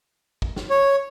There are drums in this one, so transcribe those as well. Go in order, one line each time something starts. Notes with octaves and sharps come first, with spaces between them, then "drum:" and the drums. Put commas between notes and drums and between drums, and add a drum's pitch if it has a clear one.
drum: kick
drum: snare
C#5